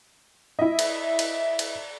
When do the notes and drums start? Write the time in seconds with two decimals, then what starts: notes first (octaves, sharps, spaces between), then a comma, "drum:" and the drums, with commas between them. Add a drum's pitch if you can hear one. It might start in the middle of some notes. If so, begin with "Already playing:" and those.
0.59 E4 D#5 E5
0.79 drum: cymbal
1.19 drum: cymbal
1.59 drum: cymbal